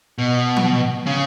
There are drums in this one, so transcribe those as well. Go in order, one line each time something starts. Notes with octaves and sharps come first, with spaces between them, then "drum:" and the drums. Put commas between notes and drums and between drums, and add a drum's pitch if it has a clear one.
B2
drum: tom F3
C#3